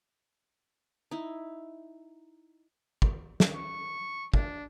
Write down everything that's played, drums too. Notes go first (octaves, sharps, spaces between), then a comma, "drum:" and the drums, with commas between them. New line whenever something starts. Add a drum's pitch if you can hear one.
D#4 E4
drum: kick
drum: snare
C#6
D4, drum: kick